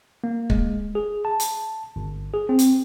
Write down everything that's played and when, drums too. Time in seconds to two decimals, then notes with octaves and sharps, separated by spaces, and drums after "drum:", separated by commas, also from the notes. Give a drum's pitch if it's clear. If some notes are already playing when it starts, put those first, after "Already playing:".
0.24 A#3
0.50 G#3, drum: kick
0.95 G#4
1.25 A5
1.40 drum: hi-hat
1.96 G1
2.34 G#4
2.49 C4
2.59 drum: hi-hat